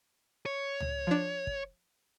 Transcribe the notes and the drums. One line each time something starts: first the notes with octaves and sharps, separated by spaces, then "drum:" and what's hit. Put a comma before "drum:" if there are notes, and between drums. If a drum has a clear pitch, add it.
C#5
drum: tom C#2
F3 D4
drum: kick